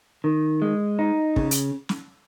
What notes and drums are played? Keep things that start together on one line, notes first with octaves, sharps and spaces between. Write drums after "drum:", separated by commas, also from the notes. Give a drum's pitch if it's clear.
D#3
G#3
D#4
C#3, drum: kick
drum: hi-hat
drum: snare